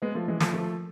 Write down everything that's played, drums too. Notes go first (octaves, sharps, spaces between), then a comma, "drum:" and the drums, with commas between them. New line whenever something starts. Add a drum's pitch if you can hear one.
G#3 B3
F3 A3
E3 G#3
F3 A3, drum: snare
F3 A3